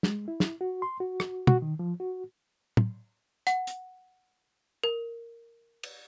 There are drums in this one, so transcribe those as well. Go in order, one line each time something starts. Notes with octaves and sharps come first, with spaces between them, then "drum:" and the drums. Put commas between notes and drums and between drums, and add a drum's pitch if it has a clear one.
G#3, drum: snare
E4
drum: snare
F#4
C6
F#4
drum: rim click
F#4, drum: tom
D#3
F3
F#4
drum: tom
F#5, drum: hi-hat
drum: hi-hat
A#4
drum: cymbal